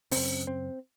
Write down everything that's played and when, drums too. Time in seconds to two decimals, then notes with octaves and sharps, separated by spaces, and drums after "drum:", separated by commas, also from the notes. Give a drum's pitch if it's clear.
0.11 F#2 C#3 C4, drum: open hi-hat
0.47 C4